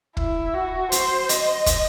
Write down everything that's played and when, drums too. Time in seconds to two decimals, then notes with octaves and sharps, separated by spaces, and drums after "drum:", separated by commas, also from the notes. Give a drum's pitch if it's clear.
0.17 E4, drum: kick
0.54 F#4
0.92 C5, drum: hi-hat
1.29 D#5, drum: hi-hat
1.66 drum: kick, hi-hat